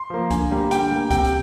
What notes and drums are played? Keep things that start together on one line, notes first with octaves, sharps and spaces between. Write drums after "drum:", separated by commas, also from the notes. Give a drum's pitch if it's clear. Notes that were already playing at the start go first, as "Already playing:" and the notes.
Already playing: C6
F3 A#3
D3 G#5, drum: kick C#2, hi-hat
G3 A#3
D3 G5, drum: hi-hat
G3 A#3
C3 G5, drum: kick C#2, hi-hat
drum: hi-hat